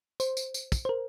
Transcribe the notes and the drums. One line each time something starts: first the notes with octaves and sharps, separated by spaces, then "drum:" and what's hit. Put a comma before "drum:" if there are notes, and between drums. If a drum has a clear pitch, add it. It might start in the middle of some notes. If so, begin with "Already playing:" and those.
C5, drum: tambourine
drum: tambourine
drum: tambourine
drum: kick, tambourine
C5
A#4